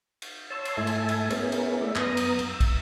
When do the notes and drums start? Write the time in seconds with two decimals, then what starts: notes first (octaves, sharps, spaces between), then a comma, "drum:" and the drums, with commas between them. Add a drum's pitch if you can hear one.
0.22 drum: cymbal
0.50 C#5 A5 C6 E6
0.65 drum: cymbal
0.77 G#2 A3 E4 E5 G#5 A5
0.87 drum: cymbal
1.09 drum: cymbal
1.30 B3 C#4 E4 G#4 A#4, drum: cymbal
1.52 drum: cymbal
1.81 A3 D5 E5
1.95 F#2 B3 A#5 D#6, drum: clap
2.17 drum: cymbal
2.39 drum: cymbal
2.48 E6
2.60 drum: kick, cymbal